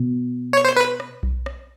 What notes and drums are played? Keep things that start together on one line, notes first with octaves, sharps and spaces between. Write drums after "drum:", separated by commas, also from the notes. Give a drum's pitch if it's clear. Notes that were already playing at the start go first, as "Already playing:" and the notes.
Already playing: B2
C#5
C5
B4
drum: rim click
drum: kick B1
drum: rim click